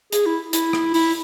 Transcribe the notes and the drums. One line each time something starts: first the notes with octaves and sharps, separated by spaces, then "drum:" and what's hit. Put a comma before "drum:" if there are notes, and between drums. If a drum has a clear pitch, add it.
G#4, drum: hi-hat
E4
E4, drum: hi-hat
drum: rim click
E4, drum: open hi-hat